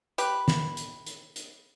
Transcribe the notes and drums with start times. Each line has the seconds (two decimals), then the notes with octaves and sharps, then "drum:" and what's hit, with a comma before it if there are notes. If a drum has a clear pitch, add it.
0.18 G4 B4, drum: hi-hat
0.48 drum: snare
0.77 drum: hi-hat
1.06 drum: hi-hat
1.36 drum: hi-hat